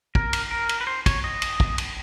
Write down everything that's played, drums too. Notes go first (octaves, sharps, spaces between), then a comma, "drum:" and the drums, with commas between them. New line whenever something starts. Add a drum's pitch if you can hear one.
A#4, drum: kick
drum: cymbal
A#4
drum: cymbal
B4
C5
C#5, drum: kick, cymbal
D#5
drum: cymbal
drum: kick
drum: cymbal